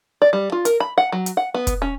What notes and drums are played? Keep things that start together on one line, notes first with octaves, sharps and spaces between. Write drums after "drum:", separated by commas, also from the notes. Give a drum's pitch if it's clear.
D5
G3
F4
A#4, drum: hi-hat
B5
F#5
F#3
drum: hi-hat
F#5
B3
drum: kick, hi-hat
C#4